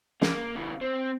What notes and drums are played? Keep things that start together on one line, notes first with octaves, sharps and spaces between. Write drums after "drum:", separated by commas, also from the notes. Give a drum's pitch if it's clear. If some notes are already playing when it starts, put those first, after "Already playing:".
A#3, drum: snare
C#3 E3
C4